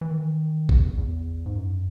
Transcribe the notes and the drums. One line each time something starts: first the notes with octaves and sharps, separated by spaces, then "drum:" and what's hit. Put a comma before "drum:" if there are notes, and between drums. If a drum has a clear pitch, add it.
E3
D#3
E2, drum: kick G#1
E2
G#2
F#2